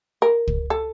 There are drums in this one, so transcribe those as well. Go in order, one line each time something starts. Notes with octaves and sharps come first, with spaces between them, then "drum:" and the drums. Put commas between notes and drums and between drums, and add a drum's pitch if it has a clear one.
A#4
drum: kick
A4